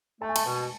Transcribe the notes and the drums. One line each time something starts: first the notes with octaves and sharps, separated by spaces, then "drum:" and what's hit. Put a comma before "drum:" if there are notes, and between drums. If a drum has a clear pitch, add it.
A3 A5
G#5
A5, drum: cymbal
B2